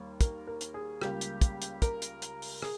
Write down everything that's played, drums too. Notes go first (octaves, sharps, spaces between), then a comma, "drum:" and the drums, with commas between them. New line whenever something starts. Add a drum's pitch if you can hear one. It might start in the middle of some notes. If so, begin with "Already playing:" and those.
Already playing: D#2 G3 A#3
A#4, drum: kick, hi-hat
A#4
drum: hi-hat
G#4
C#2 C#3 G3 A#3 G4, drum: rim click
drum: hi-hat
drum: kick, hi-hat
drum: hi-hat
A#4, drum: kick, hi-hat
drum: hi-hat
drum: hi-hat
drum: open hi-hat
G#4, drum: rim click